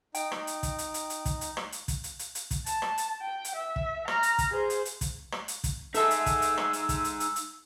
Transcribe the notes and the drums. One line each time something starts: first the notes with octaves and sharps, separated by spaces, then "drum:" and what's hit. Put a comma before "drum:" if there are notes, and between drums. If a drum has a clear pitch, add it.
D#4 G5, drum: hi-hat
drum: rim click
drum: hi-hat
drum: kick, hi-hat
drum: hi-hat
drum: hi-hat
drum: hi-hat
drum: kick, hi-hat
drum: hi-hat
drum: rim click
drum: hi-hat
drum: kick, hi-hat
drum: hi-hat
drum: hi-hat
drum: hi-hat
drum: kick, hi-hat
A5, drum: hi-hat
drum: rim click
drum: hi-hat
G5
drum: hi-hat
E5
drum: kick
A#5 F6, drum: rim click
drum: hi-hat
drum: kick, hi-hat
G#4 C5
drum: hi-hat
drum: hi-hat
drum: kick, hi-hat
drum: rim click
drum: hi-hat
drum: kick, hi-hat
D#4 G#4 A4 E5 E6, drum: hi-hat
drum: hi-hat
drum: kick, hi-hat
drum: hi-hat
drum: rim click
drum: hi-hat
drum: kick, hi-hat
drum: hi-hat
drum: hi-hat
drum: hi-hat